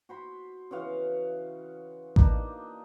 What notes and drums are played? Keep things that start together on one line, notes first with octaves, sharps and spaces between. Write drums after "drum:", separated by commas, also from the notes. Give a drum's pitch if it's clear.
F#4 C5 B5
C#3 E3 F#4 F5
A#3 D4 D#4, drum: kick A1